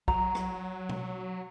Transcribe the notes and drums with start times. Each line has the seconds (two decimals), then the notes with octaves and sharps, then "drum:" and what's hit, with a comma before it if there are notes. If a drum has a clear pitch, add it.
0.08 F#3 A#5, drum: kick
0.35 drum: rim click
0.89 drum: tom B2